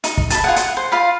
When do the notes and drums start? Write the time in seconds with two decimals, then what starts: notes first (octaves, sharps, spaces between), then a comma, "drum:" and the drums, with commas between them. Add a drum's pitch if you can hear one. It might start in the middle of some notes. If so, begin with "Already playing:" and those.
0.04 D#4, drum: hi-hat
0.17 drum: kick
0.30 B4 A5, drum: hi-hat
0.44 F4 G#4 F#5
0.56 F#5, drum: hi-hat
0.77 C5
0.92 F4 F5 B5